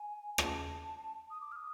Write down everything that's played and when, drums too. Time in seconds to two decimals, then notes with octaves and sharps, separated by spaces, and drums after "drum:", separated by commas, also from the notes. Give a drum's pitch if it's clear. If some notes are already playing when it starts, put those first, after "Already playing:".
Already playing: G#5
0.38 A5, drum: rim click
1.31 D#6
1.41 D6
1.52 F6
1.56 D#6